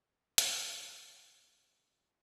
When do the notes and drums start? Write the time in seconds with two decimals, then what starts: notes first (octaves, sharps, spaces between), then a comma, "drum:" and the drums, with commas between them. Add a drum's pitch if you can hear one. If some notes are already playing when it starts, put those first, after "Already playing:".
0.38 drum: hi-hat
0.57 F3
1.41 D3 F4 F#4 A4